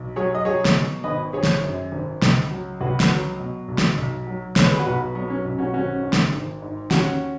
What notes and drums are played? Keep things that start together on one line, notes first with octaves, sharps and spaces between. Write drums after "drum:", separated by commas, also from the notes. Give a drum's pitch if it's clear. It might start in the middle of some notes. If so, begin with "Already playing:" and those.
Already playing: B1
F#3 G#4 C#5
D#5
F#3 G#4 C#5
drum: snare
B2
G#1 B4 D#5
G#1 G#4 C#5
drum: snare
F#2
G#1
C#2, drum: snare
F#3
C#2 F#4 B4
drum: snare
F#3
B2
B1
drum: snare
B1
F#3
B2 C#5, drum: snare
B4
G#4
F#4 B4
B1
F#3 B3
C#4
B1
C#4 F#4
G#1 C#4 F#4
G#2
drum: snare
G#1
G#2
D#2 C#4 F#4, drum: snare